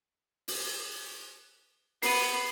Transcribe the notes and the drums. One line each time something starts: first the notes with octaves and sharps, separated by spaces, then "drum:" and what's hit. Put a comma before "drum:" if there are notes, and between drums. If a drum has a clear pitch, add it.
drum: open hi-hat
B3 C7 D#7, drum: open hi-hat